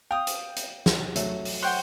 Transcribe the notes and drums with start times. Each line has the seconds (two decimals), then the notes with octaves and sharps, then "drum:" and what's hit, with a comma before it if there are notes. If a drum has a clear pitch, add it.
0.11 F5 G5 D#6
0.27 drum: hi-hat
0.56 drum: hi-hat
0.86 drum: snare
1.16 F#3 A3, drum: hi-hat
1.45 drum: open hi-hat
1.62 C5 C#5 F#5 G5 F#6